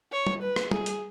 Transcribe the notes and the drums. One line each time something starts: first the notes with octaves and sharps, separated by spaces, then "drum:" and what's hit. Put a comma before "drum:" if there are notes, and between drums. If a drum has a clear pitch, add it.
C#5
drum: tom
B4
drum: rim click
G#4, drum: tom
drum: hi-hat